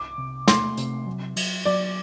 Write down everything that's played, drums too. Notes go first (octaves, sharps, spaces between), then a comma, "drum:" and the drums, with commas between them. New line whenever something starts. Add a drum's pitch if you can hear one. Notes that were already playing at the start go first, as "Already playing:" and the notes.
Already playing: C2 D6
C3
A3 C6, drum: snare
C3, drum: hi-hat
F#3
F#3, drum: cymbal
F#3 D5